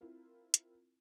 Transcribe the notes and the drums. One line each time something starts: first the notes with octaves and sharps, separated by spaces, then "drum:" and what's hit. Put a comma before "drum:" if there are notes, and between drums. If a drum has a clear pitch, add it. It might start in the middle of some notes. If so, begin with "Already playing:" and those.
C4 E4 F4 A#4
drum: hi-hat